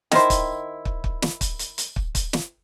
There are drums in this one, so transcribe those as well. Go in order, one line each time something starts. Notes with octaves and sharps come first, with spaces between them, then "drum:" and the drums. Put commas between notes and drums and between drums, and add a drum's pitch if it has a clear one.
D#3 E4 C5, drum: snare
drum: kick, hi-hat
drum: kick
drum: kick
drum: snare
drum: kick, hi-hat
drum: hi-hat
drum: hi-hat
drum: kick
drum: kick, hi-hat
drum: snare